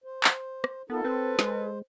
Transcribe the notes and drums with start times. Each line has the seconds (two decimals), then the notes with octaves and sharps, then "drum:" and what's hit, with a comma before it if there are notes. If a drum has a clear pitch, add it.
0.04 C5
0.24 drum: clap
0.64 drum: rim click
0.90 B3 D#4 F4 A4 A#4
1.05 C4 B4 C5
1.39 G#3, drum: snare